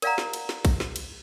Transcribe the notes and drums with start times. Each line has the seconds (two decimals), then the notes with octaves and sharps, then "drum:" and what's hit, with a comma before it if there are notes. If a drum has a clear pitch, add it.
0.02 A#4 D5 F5 F#5 A#5, drum: cymbal
0.18 drum: snare
0.34 drum: cymbal
0.49 drum: snare
0.65 drum: kick A#1, cymbal
0.80 drum: snare
0.96 drum: cymbal